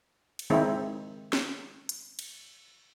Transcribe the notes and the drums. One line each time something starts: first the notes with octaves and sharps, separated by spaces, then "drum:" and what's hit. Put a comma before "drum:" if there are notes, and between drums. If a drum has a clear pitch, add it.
drum: cymbal
D#3 G#3 C4 D#4 E4
drum: snare
drum: hi-hat
drum: cymbal